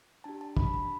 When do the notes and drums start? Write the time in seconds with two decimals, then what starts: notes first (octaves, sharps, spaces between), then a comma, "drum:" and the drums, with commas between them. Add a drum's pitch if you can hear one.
0.24 D4 G4 A5
0.41 A5
0.57 B5, drum: kick
0.74 B5